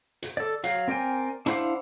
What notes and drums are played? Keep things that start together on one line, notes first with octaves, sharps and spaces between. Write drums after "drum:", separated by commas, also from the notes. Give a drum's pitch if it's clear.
drum: hi-hat
A4 D5
F#3 F5, drum: hi-hat
C4 A#4 D5 G5 G#5
D4 E4 C5 F5 F#5, drum: hi-hat